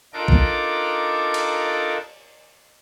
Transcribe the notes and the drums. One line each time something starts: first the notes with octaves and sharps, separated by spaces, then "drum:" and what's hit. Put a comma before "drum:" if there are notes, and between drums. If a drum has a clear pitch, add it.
D4 D#4 F4 A4 A#4 D6
drum: kick A1
drum: cymbal